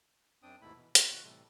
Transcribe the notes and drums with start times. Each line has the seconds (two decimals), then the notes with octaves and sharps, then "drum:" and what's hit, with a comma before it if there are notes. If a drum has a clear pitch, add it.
0.43 F#2 C4 D4 G5 D#6
0.62 D#2 G#2 B2 A3 E4 B5
0.76 B2 E3
0.95 F4 B4 C#5 F5 C6, drum: hi-hat
1.10 B2 D#3 F4 F#4 C#6 F#6
1.24 A2 C3 E3 G3 A3